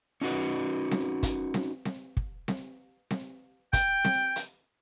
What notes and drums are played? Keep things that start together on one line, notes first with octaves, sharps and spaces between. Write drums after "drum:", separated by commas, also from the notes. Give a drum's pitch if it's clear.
C#4 D#4 F#4 B4
drum: snare C4
drum: kick, hi-hat
drum: snare C4
drum: snare C4
drum: kick
drum: snare C4
drum: snare C4
G5, drum: kick, hi-hat
drum: snare C4
drum: hi-hat